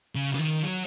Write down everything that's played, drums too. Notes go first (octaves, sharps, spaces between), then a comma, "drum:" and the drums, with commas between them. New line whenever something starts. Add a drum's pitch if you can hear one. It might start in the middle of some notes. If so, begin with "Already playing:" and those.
C#3
C#3, drum: hi-hat
D#3
F#3